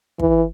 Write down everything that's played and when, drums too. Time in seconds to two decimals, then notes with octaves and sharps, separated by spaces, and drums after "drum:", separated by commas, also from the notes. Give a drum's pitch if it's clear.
0.20 E3, drum: kick